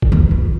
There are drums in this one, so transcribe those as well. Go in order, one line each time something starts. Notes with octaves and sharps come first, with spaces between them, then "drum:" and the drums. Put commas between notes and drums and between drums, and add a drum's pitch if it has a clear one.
drum: kick G1
E2
F2